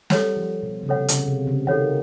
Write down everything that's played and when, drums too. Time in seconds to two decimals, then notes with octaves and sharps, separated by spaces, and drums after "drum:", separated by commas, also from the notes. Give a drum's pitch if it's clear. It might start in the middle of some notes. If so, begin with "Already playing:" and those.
0.10 G3 A4 C#5 F#5, drum: snare
0.37 F3
0.63 B2
0.83 C#3
0.88 C3 A4 C#5 F#5
1.08 C#3, drum: hi-hat
1.28 C3
1.47 C#3
1.67 D#3 A4 C#5 F#5